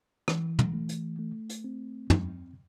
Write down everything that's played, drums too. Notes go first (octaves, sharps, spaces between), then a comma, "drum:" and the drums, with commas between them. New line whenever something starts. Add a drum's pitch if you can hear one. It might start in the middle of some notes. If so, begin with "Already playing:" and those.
E3, drum: rim click
drum: tom
A3
drum: hi-hat
A3
drum: hi-hat
C4
drum: tom